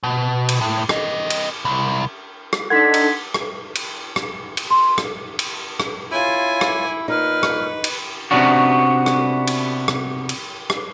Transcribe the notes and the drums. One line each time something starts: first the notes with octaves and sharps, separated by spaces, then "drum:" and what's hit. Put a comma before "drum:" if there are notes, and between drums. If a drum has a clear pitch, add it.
B2
drum: cymbal
A2
C4 D#5, drum: rim click
drum: cymbal
C2
drum: rim click
D4 D#4 A4 F#5 C6 G#6 B6
drum: cymbal
drum: rim click
drum: cymbal
drum: rim click
drum: cymbal
C6
drum: rim click
drum: cymbal
drum: rim click
E4 F4 C#5 G#5
drum: rim click
A#2 D#4 B4 F6
drum: rim click
drum: cymbal
C3 G3 B3 C#4 D4 F#4
drum: rim click
drum: cymbal
drum: rim click
drum: cymbal
drum: rim click